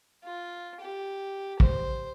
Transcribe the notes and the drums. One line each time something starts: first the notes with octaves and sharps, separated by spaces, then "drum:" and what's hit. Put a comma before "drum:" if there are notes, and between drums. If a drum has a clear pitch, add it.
F4
G4
C5, drum: kick